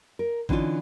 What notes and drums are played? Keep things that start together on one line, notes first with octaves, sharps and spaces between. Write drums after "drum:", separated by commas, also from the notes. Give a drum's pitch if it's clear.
A#4
D3 E3 B3 C#4 D#4 F4, drum: kick G#1